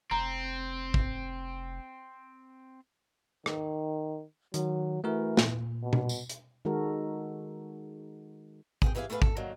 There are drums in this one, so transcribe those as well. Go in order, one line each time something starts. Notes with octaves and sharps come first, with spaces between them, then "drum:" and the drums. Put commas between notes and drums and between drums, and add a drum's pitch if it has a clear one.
F1 C4 A#5
drum: kick
D#3, drum: rim click
D#3 F#3, drum: hi-hat
E3 A3 F#4 A#4
A#2, drum: snare
B2
drum: tom B2
drum: tambourine
drum: hi-hat
D#3 G#3 F#4 A4 A#4
G#4 F#5 G5, drum: kick
G2 E3 G#4 E5 F5 G#5
A3 B3 G#4 B4 F5
A4, drum: kick
D3 D#3 F#3 A#3